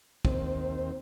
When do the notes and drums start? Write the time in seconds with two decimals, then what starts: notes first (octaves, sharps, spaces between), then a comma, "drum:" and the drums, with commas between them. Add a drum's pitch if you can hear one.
0.25 D#2 C4, drum: kick